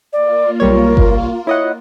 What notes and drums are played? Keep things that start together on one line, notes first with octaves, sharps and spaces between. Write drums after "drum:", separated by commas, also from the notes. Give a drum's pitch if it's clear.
A#3 F4 D5
B1 G3 A#4 C#5
drum: kick G1
E4 C#5 D#5 F#5